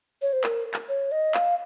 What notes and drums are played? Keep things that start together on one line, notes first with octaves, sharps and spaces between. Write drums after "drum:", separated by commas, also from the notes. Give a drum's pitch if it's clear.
C#5
C5
A#4, drum: clap
drum: clap
C#5
D#5
F5, drum: clap